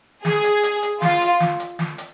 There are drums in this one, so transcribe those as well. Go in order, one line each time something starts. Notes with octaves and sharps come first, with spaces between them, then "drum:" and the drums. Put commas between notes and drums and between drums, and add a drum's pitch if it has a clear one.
G#4, drum: snare
drum: hi-hat
drum: hi-hat
drum: hi-hat
F4, drum: snare
drum: hi-hat
drum: snare
drum: hi-hat
drum: snare
drum: hi-hat